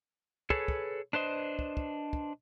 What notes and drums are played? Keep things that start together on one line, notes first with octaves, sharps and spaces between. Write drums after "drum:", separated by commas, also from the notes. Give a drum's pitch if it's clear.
G#4 A4 B4 C#5, drum: kick
drum: kick
D4 B4 C5 D#5
drum: kick
drum: kick
drum: kick